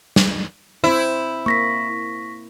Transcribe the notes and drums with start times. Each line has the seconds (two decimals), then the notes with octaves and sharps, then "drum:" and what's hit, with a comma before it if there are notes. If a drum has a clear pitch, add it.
0.16 drum: snare
0.84 C4 E4 C5
1.46 A#3 C#6 A#6 B6